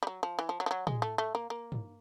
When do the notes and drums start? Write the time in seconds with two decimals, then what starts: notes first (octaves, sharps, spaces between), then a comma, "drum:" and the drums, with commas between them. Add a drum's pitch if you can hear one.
0.03 G3
0.07 F#3
0.23 F3
0.39 E3
0.49 F3
0.60 F#3
0.66 F3
0.71 F#3
0.87 G#3, drum: tom
1.02 A3
1.18 A3
1.35 A#3
1.50 A#3
1.72 drum: tom